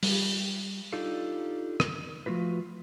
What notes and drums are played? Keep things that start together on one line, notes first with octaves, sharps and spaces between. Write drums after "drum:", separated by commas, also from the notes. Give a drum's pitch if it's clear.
G3, drum: open hi-hat
D4 D#4 F4 G4 A4 F5
drum: rim click
F3 A3 F4 F#4 B4